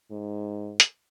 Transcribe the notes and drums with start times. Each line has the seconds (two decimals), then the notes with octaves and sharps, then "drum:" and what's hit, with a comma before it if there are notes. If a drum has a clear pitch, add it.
0.11 G#2
0.80 drum: hi-hat